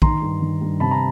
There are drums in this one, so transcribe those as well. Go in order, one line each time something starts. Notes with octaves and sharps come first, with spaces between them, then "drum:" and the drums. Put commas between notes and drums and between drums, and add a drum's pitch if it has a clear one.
D#3 A#5 C6, drum: kick A#1
G2
D#3
G2
C3 A5 B5
A#5